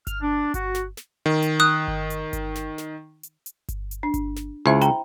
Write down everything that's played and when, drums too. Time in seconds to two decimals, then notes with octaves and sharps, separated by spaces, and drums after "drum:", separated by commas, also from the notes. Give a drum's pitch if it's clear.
0.07 F6, drum: kick G1, hi-hat
0.22 D4
0.54 F#4, drum: kick G1, hi-hat
0.75 drum: snare
0.97 drum: snare
1.26 D#3
1.42 drum: hi-hat
1.60 D#6 F#6
1.88 drum: kick G1
2.10 drum: hi-hat
2.33 drum: kick G1, hi-hat
2.55 drum: snare
2.78 drum: snare
3.23 drum: hi-hat
3.46 drum: hi-hat
3.69 drum: kick G1, hi-hat
3.91 drum: hi-hat
4.03 D4
4.14 drum: kick G1, hi-hat
4.36 drum: snare
4.66 C#2 E4 C5 E5
4.81 G5 A#5 B5, drum: hi-hat